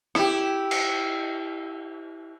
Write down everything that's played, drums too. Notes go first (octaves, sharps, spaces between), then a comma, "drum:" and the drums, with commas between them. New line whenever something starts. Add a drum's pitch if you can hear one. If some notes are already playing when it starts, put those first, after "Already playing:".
E4 G4, drum: rim click
drum: cymbal